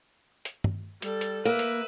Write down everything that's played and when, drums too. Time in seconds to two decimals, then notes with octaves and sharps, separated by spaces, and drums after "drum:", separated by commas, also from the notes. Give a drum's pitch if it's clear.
0.45 drum: hi-hat
0.64 drum: tom
1.02 G3 A4, drum: hi-hat
1.21 drum: hi-hat
1.45 A#3 B4 E5
1.59 drum: hi-hat